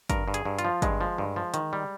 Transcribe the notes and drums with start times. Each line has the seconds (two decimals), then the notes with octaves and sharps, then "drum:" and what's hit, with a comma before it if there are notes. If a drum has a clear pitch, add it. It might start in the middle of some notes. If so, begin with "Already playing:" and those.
0.10 G2 A#4, drum: kick, hi-hat
0.28 G2
0.34 G#4, drum: hi-hat
0.45 G2
0.59 F4, drum: hi-hat
0.65 F3
0.82 G2 G#3, drum: kick, hi-hat
1.01 F3
1.18 G2
1.36 F3
1.54 D#3, drum: hi-hat
1.73 G3